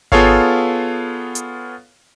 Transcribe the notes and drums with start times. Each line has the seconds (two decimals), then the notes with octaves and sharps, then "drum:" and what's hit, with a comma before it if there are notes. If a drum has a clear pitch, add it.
0.12 B3 F4 G#4 A4 C#5 F5, drum: kick G#1
1.35 drum: hi-hat